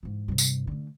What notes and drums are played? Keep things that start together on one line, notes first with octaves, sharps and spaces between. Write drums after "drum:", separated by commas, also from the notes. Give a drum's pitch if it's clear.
G#2 E3
G2 C3
drum: tambourine
D3 A3